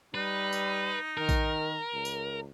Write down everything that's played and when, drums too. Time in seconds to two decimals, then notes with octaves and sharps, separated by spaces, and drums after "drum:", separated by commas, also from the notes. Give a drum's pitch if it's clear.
0.14 G3 D#4 B4
0.53 drum: tambourine
1.17 D#3 A#4
1.29 drum: kick A#1, tambourine
1.93 C#2
2.05 drum: tambourine